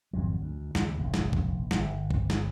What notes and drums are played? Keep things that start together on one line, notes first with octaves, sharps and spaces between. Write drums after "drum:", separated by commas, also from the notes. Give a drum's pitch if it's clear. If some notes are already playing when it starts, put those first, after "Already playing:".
G#1 F2 F#3
D2
D#2 C#3 G3, drum: snare
F1 A#1 G#2
drum: snare
drum: kick
D1 G1, drum: snare
drum: kick
drum: snare